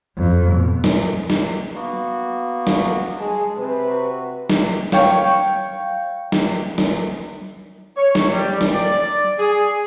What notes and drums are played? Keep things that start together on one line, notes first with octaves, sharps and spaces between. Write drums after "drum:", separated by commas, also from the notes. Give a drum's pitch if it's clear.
F2
B2
drum: snare
drum: snare
A#3 B3 F#4
drum: snare
G#3 G#4 A5
C3 B4
F#4
drum: snare
C#5 F5 G5 C#6, drum: snare
drum: snare
drum: snare
C#5
drum: snare
G3
drum: snare
D5
G#4